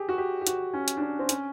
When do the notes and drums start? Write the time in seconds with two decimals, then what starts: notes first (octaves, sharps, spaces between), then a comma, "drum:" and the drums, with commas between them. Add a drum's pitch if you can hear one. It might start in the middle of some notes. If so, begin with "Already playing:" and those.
Already playing: G4 G#4
0.09 F#4
0.18 G4
0.41 G4
0.47 F#4, drum: hi-hat
0.74 C#4
0.88 drum: hi-hat
0.97 D4
1.02 C#4
1.19 C4
1.29 C#4, drum: hi-hat